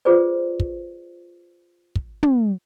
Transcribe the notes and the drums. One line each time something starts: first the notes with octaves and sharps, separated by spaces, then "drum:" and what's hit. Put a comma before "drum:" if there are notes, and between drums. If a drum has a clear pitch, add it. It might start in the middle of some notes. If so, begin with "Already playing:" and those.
F4 G#4 B4 C5 D5
drum: kick
drum: kick
drum: tom